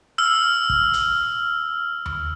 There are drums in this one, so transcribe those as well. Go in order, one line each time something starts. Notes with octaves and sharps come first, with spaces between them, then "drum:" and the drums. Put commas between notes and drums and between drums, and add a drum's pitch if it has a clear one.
E6 F6
drum: kick
drum: hi-hat
drum: tom D#2